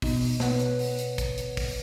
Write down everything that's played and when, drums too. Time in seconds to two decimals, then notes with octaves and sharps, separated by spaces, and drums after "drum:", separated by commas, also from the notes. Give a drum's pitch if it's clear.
0.02 B2 D#4, drum: kick, open hi-hat
0.20 drum: open hi-hat
0.40 B2 B4 C#5 F#5, drum: snare
0.60 drum: hi-hat
0.79 drum: open hi-hat
0.99 drum: hi-hat
1.18 drum: kick, hi-hat
1.38 drum: hi-hat
1.57 drum: kick, open hi-hat